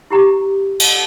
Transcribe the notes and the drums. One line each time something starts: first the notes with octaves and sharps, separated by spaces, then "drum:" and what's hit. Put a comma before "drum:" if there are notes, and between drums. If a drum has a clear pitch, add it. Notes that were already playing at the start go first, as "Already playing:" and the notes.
E4 G4 A#5
drum: cymbal